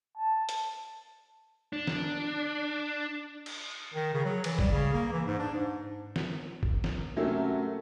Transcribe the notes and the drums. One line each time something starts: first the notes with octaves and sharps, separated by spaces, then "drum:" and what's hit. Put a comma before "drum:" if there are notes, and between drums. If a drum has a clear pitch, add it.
A5
drum: hi-hat
D4
drum: snare
drum: cymbal
D#3
C#3
F#3
E3, drum: cymbal
G3, drum: kick
C#3
A#3
E3
G#2
D4
G#2
drum: snare
drum: kick
drum: snare
C3 F#3 A3 A#3 C#4